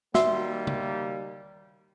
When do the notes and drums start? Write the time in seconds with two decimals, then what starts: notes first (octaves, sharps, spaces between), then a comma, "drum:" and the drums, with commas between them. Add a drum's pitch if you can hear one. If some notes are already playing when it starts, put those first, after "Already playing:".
0.14 D#2 G3 A#3 F#4 E5 C6, drum: snare
0.67 drum: tom